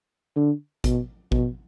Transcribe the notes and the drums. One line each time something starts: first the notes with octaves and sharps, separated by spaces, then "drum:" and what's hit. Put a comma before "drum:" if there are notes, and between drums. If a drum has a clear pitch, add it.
D3
B2, drum: kick A1, hi-hat
B2, drum: kick A1